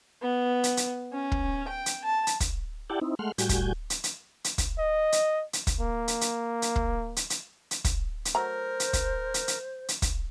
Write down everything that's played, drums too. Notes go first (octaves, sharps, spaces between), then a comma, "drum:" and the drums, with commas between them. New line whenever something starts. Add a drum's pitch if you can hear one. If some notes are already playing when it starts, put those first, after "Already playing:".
B3
drum: hi-hat
drum: hi-hat
C#4
drum: kick
G5
drum: hi-hat
A5
drum: hi-hat
drum: kick, hi-hat
E4 G4 D5 F#5 G5 A5
C4 D#4 E4
G#3 A3 F#5 C6 F6
A2 G3 F#4 G#5 G6, drum: hi-hat
drum: kick, hi-hat
drum: hi-hat
drum: hi-hat
drum: hi-hat
drum: kick, hi-hat
D#5
drum: hi-hat
drum: hi-hat
drum: kick, hi-hat
A#3
drum: hi-hat
drum: hi-hat
drum: hi-hat
drum: kick
drum: hi-hat
drum: hi-hat
drum: hi-hat
drum: kick, hi-hat
drum: hi-hat
F#3 A3 A#4 C5 A#5
drum: hi-hat
drum: kick, hi-hat
drum: hi-hat
drum: hi-hat
drum: hi-hat
drum: kick, hi-hat